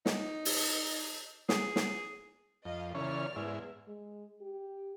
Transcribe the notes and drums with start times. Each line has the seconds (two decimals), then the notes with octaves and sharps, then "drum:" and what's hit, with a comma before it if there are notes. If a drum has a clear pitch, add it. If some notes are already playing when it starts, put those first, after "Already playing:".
0.06 D#4, drum: snare
0.45 drum: open hi-hat
1.49 G#4, drum: snare
1.76 drum: snare
2.65 F2 D#5 F5
2.95 A#2 C#3 E3 C#4 D5 F6
3.36 E2 G#2 E4
3.88 G#3
4.41 G4